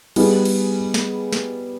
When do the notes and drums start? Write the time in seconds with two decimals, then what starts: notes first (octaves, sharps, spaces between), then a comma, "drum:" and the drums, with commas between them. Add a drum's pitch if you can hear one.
0.16 G3 B3 D#4 G#4, drum: cymbal
0.45 drum: cymbal
0.94 drum: snare
1.32 drum: snare